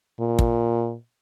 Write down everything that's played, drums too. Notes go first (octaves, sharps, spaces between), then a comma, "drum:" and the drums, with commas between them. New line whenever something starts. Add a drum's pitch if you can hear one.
A#2
drum: kick